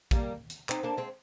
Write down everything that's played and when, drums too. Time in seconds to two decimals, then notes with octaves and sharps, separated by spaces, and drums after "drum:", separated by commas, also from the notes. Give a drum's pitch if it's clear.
0.11 G3 A#3, drum: kick, hi-hat
0.50 drum: hi-hat
0.69 C4 D#4, drum: clap
0.83 A#3 D4
0.97 G#3 C4